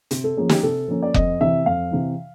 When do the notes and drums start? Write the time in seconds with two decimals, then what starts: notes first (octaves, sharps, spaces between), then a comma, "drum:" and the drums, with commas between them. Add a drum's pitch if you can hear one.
0.11 C3, drum: hi-hat
0.24 A4
0.37 F3 A#3 C#4 G#4
0.49 G4, drum: snare
0.63 C3 A4
0.88 F3 A#3 C#4
1.03 D5
1.14 F2 D#5, drum: kick F1
1.41 C3 E3 E5
1.66 F2 F5
1.91 C3 E3